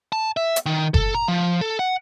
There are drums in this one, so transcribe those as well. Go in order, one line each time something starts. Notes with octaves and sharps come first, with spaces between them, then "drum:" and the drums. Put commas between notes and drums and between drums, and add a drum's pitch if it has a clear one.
A5
E5
drum: hi-hat
D#3
A4, drum: kick F#1
A#5
F3
A4
F#5